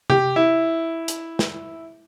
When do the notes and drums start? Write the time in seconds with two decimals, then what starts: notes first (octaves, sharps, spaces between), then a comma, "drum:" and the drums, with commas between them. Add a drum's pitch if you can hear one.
0.10 G4, drum: tom C3
0.36 E4
1.08 drum: hi-hat
1.39 drum: snare